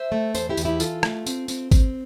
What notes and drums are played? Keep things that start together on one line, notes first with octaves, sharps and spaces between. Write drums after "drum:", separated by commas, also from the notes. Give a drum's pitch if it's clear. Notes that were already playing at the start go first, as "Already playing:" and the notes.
Already playing: C5 E5
A3
E2 A4 C5, drum: tambourine
E4 G4
E2, drum: tambourine
E4 G4
E3 F4 A4, drum: tambourine
A3, drum: rim click
C4, drum: tambourine
C4, drum: tambourine
C4, drum: kick, tambourine